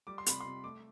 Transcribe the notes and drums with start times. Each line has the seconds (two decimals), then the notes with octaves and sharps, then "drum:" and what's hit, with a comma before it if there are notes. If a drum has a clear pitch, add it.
0.07 G3 D6
0.18 C6
0.26 C3 B5, drum: hi-hat
0.40 C3 C6
0.64 A3 D6